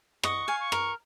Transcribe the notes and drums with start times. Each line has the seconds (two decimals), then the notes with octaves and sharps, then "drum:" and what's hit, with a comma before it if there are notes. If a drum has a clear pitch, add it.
0.23 D#5 F#5 C#6, drum: rim click
0.48 F5 G#5
0.60 C#6
0.72 A#4, drum: rim click